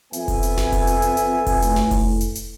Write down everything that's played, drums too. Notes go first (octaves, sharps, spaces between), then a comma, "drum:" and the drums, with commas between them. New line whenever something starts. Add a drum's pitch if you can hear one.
F2 B3 E5 G#5, drum: hi-hat
drum: kick F1, open hi-hat
drum: hi-hat
drum: snare F#1
drum: kick F1, open hi-hat
drum: hi-hat
drum: hi-hat
drum: hi-hat
drum: kick F1, open hi-hat
A2, drum: hi-hat
drum: snare F#1
drum: kick F1, open hi-hat
drum: hi-hat
drum: hi-hat